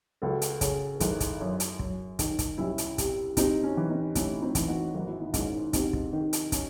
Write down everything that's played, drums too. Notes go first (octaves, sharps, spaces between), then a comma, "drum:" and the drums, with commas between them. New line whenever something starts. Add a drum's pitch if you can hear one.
C#2 F#4 A4
drum: hi-hat
C#3, drum: kick, hi-hat
A4
G#1 E4 G#4, drum: kick, hi-hat
drum: kick, hi-hat
F#2
drum: hi-hat
F#2, drum: kick
D#3, drum: kick, hi-hat
drum: kick, hi-hat
C2 C#4 E4
drum: hi-hat
C3, drum: kick, hi-hat
C3 C4 D#4, drum: kick, hi-hat
C#4
E3
C4 D#4
A2 C#4 E4, drum: kick, hi-hat
C4 D#4
E3, drum: kick, hi-hat
D#4 F#4
G#1 F#4
E4
D#4
G#2 C#4 E4, drum: kick, hi-hat
C3 C4 D#4, drum: kick, hi-hat
drum: kick
D#3
drum: hi-hat
C#4, drum: kick, hi-hat